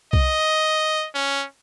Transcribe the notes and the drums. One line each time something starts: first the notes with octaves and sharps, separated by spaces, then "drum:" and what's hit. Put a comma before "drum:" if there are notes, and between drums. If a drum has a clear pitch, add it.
D#5, drum: kick C2
C#4